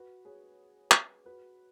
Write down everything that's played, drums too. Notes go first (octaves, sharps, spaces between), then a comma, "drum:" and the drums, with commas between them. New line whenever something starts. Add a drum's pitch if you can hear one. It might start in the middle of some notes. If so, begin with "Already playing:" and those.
Already playing: F#4 B4
G#4 C#5
drum: clap
F#4 B4